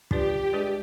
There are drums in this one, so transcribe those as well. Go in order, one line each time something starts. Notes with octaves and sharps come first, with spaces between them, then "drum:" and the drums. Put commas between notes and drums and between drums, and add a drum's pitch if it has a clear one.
G3 D4 F4 G4 B4 D5, drum: kick
G#3 D4 G#4 B4 D5